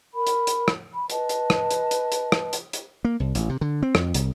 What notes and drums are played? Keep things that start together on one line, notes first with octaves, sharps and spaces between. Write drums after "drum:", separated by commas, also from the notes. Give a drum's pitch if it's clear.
A#4 B5
drum: hi-hat
drum: hi-hat
drum: rim click
B5
B4 D#5 A5, drum: hi-hat
drum: hi-hat
drum: rim click
drum: hi-hat
drum: hi-hat
drum: hi-hat
drum: rim click
drum: hi-hat
drum: hi-hat
A#3
C2
A1, drum: hi-hat
C3
D3
C4
F2, drum: rim click
C2, drum: hi-hat